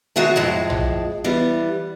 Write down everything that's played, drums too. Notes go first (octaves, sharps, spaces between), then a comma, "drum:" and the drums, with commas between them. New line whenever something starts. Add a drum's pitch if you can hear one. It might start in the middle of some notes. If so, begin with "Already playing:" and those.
D#3 G#3 F#4 E5 A5
F2 A2 G#3 A5
drum: tom
E3 G3 B3